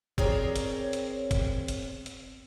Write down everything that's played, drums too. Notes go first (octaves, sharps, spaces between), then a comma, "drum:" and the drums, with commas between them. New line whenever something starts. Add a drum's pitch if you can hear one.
C4 G#4 A#4 C#5 D5, drum: kick
drum: hi-hat
drum: hi-hat
drum: kick, hi-hat
drum: hi-hat
drum: hi-hat